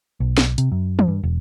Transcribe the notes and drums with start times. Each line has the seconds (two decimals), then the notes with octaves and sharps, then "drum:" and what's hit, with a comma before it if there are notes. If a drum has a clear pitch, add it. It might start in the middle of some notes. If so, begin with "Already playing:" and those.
0.20 B1
0.38 drum: snare
0.58 C3, drum: hi-hat
0.72 F#2
0.99 drum: tom
1.08 G2
1.23 E1